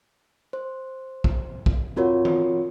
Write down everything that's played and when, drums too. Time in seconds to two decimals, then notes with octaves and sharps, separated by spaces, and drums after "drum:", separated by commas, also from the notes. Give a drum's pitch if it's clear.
0.53 C5
1.24 drum: kick
1.66 drum: kick
1.96 C4 F4 F#4 A#4 C#5
2.25 drum: tom E3